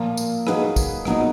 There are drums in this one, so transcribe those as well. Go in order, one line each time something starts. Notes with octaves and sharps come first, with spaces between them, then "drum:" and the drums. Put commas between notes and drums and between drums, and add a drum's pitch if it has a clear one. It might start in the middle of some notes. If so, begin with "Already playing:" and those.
Already playing: A#2 F3 A#3
drum: tambourine
F#3 A#3 D#4 G#4 B4, drum: rim click
drum: kick, tambourine
A#2 F#3 B3 D#4, drum: rim click